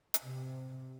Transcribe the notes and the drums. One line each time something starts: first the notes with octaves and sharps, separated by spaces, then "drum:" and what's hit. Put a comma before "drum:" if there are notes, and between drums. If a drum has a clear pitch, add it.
drum: hi-hat
C3